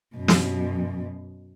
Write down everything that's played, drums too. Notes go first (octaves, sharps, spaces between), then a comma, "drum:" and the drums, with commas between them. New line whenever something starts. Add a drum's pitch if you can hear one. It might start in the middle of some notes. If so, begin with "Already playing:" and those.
F#2 B2
drum: snare